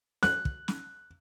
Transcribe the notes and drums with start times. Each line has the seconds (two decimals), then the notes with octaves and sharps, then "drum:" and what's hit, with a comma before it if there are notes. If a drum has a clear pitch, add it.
0.23 F#6, drum: snare
0.45 drum: kick
0.68 drum: snare